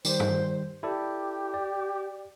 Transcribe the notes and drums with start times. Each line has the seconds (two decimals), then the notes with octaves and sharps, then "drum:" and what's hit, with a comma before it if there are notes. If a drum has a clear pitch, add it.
0.05 D#3 G3 G4 C5, drum: tambourine
0.20 drum: tom
0.83 E4 G4 A4 D5
1.54 D5